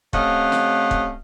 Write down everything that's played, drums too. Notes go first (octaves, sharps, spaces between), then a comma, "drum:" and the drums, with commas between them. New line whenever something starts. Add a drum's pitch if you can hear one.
C3 A3 C#4 D#5 F5 F#5, drum: kick
drum: snare
drum: kick